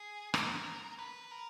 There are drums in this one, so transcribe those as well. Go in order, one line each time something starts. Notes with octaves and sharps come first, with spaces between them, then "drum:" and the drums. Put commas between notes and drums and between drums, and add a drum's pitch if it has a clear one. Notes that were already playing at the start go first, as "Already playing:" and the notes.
Already playing: G#4
A#4, drum: rim click
B4
A#4